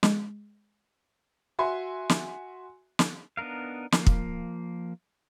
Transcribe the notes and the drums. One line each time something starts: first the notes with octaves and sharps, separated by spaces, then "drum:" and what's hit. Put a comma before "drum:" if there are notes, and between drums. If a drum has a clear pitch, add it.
G#3, drum: snare
F#4 E5 G#5 C6
drum: snare
drum: snare
B3 D4 D#4 A#4 F5
F3 A#3, drum: snare
drum: kick